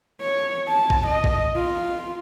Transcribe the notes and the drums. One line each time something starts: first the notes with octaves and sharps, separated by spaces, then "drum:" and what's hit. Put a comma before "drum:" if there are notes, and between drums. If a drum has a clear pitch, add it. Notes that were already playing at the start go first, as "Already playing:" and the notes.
C#5
A5
drum: kick
D#5
drum: kick
F4